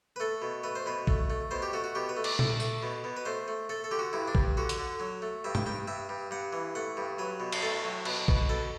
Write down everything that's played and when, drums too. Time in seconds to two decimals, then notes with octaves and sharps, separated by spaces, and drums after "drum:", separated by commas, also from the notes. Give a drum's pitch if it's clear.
0.16 B4
0.20 A3 A4
0.42 B2
0.63 A3 B4
0.75 C5
0.86 B2 B4
1.07 A3, drum: kick
1.30 A3
1.51 B2 C5
1.62 G4
1.73 A3 F#4
1.84 F#4
1.95 B2 G4
2.09 B4
2.17 A3
2.24 D5, drum: cymbal
2.39 A3, drum: tom A#2
2.60 A3, drum: tambourine
2.83 B2
3.04 B2
3.17 B4
3.25 A3 C5
3.48 A3
3.69 A3 A4
3.84 A4
3.91 D3 G4
3.99 F#4
4.13 G2 E4
4.28 D4
4.35 G2, drum: kick
4.57 D3 F#4
4.69 drum: hi-hat
4.78 D3
5.00 F#3
5.22 A3
5.44 G2 E5
5.55 G5, drum: tom G2
5.66 G2 G5
5.88 G2 E5
6.09 G2
6.31 G2 F#5
6.53 E3
6.75 A3 F#5
6.97 G2
7.19 F#3 B4
7.40 B2
7.52 drum: cymbal
7.62 A3 A4
7.84 F#3
8.05 B2, drum: cymbal
8.28 B2, drum: kick
8.49 B2 A4